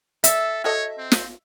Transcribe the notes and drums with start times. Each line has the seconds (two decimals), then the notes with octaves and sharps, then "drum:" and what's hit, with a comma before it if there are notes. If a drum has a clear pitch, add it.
0.24 A4 E5, drum: hi-hat
0.64 F#4 A4 C#5 D#5
0.98 C4
1.12 drum: snare